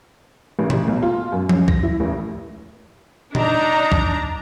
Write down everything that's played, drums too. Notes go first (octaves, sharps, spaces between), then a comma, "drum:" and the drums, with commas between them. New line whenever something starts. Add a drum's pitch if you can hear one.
A1
drum: tom A#2
B1
F4
F#2
C#4, drum: tom F3
A#6, drum: kick C2
E4
A1
D4 D#4 A#5, drum: tom A#2
drum: kick C2